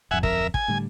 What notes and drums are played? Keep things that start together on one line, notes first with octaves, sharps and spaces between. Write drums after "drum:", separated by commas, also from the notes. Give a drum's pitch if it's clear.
D1 F2 E5 F#5 G#5
A#4 E5, drum: kick
G#5, drum: kick
A2 D3 G3